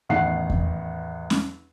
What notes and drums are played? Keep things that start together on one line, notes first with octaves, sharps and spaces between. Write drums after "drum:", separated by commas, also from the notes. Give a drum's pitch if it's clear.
A1 E2 D#3 F#5 C7
drum: kick E2
drum: snare C#4